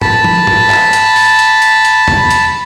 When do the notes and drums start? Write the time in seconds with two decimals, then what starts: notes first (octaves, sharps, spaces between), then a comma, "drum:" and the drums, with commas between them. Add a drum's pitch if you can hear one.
0.01 A5 B5, drum: tom
0.24 drum: tom
0.47 drum: tom
0.70 drum: clap
0.93 drum: hi-hat
1.16 drum: open hi-hat
1.39 drum: hi-hat
1.62 drum: hi-hat
1.85 drum: hi-hat
2.08 drum: tom E2
2.30 drum: hi-hat